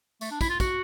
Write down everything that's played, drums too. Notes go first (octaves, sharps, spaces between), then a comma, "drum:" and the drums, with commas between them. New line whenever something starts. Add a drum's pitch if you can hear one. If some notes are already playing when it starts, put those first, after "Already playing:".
A3, drum: tambourine
D4
E4, drum: kick, tambourine
F4
F#4, drum: kick, tambourine